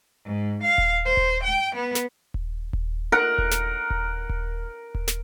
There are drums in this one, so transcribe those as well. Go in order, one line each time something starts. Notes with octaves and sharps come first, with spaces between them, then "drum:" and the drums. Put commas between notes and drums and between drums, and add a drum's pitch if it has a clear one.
G#2
F5
drum: kick D#1
C5
drum: kick D#1
G5
B3
drum: snare
drum: kick D#1
drum: kick D#1
A#4 F#5
drum: kick D#1
drum: snare
drum: kick D#1
drum: kick D#1
drum: kick D#1
drum: snare